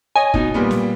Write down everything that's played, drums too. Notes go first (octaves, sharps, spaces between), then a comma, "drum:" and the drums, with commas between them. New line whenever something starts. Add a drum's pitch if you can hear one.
C#5 D#5 G#5
B2 D#4, drum: kick
A#2 G3 B3
drum: snare